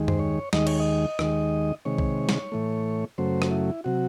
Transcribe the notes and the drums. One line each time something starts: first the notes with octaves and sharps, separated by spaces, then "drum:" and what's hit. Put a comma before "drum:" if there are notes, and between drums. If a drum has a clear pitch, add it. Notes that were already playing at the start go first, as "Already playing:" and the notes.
Already playing: D#2 D#3 G#3
C5, drum: tom F#2
C#5
D#2 D#3 G#3 D#5, drum: snare
C#5, drum: cymbal
D#5
D#2 D#3 G#3, drum: rim click
C3 D#3 G#3 C#5
drum: kick B1
drum: snare
A2 E3 A3
F#2 C#3 F#3 A3 C5
drum: rim click
E4
C3 F#3 F#4